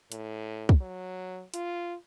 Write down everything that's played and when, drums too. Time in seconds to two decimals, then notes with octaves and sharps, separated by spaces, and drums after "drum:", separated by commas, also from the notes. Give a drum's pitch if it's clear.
0.12 A2, drum: hi-hat
0.69 drum: kick
0.81 F#3
1.54 F4, drum: hi-hat